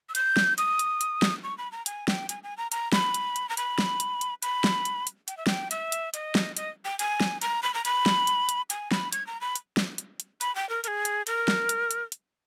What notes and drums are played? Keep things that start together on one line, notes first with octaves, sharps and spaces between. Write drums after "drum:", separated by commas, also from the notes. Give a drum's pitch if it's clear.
E6
G6, drum: hi-hat
drum: snare
D#6, drum: hi-hat
drum: hi-hat
drum: hi-hat
drum: snare
C#6
B5
A#5
G#5, drum: hi-hat
G5, drum: snare
G#5, drum: hi-hat
G#5
A#5
A#5, drum: hi-hat
B5, drum: snare
drum: hi-hat
drum: hi-hat
A#5
B5, drum: hi-hat
drum: snare
drum: hi-hat
drum: hi-hat
B5, drum: hi-hat
drum: snare
drum: hi-hat
drum: hi-hat
G5, drum: hi-hat
E5
G5, drum: snare
E5, drum: hi-hat
drum: hi-hat
D#5, drum: hi-hat
drum: snare
D#5, drum: hi-hat
G5
G#5, drum: hi-hat
drum: snare
A#5, drum: hi-hat
B5
A#5
B5, drum: hi-hat
drum: snare
drum: hi-hat
drum: hi-hat
G#5, drum: hi-hat
B5, drum: snare
G#6, drum: hi-hat
A#5
B5
drum: hi-hat
drum: snare
drum: hi-hat
drum: hi-hat
B5, drum: hi-hat
G5
A#4
A#4, drum: hi-hat
G#4
drum: hi-hat
A#4, drum: hi-hat
drum: snare
drum: hi-hat
drum: hi-hat
drum: hi-hat